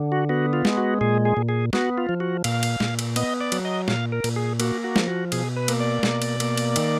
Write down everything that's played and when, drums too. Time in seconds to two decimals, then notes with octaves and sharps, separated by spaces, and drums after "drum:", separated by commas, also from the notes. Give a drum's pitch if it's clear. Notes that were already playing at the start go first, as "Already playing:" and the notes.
Already playing: D3
0.12 F#4
0.29 B3 F#4
0.53 F4
0.65 G#3, drum: snare
0.77 F#4
1.01 A#2 G#4
1.25 G#4
1.37 A#2
1.49 G#4
1.73 B3 F#4, drum: snare
1.98 F4
2.09 F3
2.20 F#4
2.44 A#2 F5, drum: cymbal
2.63 drum: cymbal
2.80 A#2, drum: snare
2.99 drum: cymbal
3.16 B3 D#5, drum: cymbal
3.41 D5
3.52 F#3, drum: cymbal
3.65 D#5
3.88 A#2 F5, drum: snare
4.12 A#4
4.24 A#2, drum: cymbal
4.36 G#4
4.60 A#3 F#4, drum: cymbal
4.84 F#4
4.96 F3, drum: snare
5.08 F#4
5.32 B2 G#4, drum: cymbal
5.56 B4
5.68 A#3, drum: cymbal
5.80 D5
6.03 B2, drum: snare
6.22 drum: cymbal
6.40 A#3, drum: cymbal
6.57 drum: cymbal
6.76 D#3, drum: cymbal